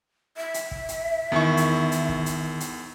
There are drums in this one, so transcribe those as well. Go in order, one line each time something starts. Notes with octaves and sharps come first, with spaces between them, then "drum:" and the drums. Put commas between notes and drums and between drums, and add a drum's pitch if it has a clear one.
E5
drum: hi-hat
drum: kick
drum: hi-hat
E2 D#3 E4 C#6
drum: hi-hat
drum: hi-hat
drum: kick
drum: hi-hat
drum: hi-hat